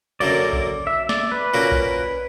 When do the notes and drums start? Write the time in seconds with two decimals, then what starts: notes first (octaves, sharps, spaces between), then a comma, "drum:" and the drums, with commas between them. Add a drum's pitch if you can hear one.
0.20 F#2 D3 F#3 A#3 D5
0.53 drum: kick B1
0.87 E5
1.09 D5, drum: snare
1.32 B4
1.54 A#2 A#3 C#4 F#4
1.72 drum: kick B1